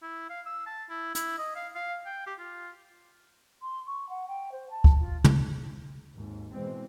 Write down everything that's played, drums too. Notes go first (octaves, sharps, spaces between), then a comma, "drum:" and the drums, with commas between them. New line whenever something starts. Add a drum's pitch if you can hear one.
E4
F5
E6
A5
E4
E4, drum: hi-hat
D#5
F5
F5
G5
G4
F4
C6
C#6
F#5
G5
C5
A5
drum: kick
F4
drum: tom
G#1 D#2 G#2
B2 E3 G#3 C4